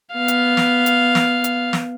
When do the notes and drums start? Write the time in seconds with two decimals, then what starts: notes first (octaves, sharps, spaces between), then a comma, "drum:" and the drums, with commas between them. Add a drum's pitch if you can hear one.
0.14 B3 F5
0.28 drum: hi-hat
0.57 drum: snare
0.86 drum: hi-hat
1.15 drum: snare
1.44 drum: hi-hat
1.73 drum: snare